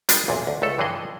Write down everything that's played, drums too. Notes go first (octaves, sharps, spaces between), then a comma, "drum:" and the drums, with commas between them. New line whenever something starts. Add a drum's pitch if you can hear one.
G3 G#3 D4 F4 A#4, drum: hi-hat
B1 E2 A#2
D2
C#2 A3 A4
G2 E3 F3 G#4 D#5